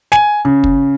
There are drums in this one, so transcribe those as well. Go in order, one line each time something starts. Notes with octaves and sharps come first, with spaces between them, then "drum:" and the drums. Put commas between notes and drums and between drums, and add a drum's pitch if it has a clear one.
G#5, drum: snare
C#3
drum: kick